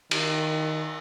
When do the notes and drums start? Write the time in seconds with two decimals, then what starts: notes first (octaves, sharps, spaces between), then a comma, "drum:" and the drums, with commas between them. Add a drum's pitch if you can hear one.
0.11 D#3, drum: cymbal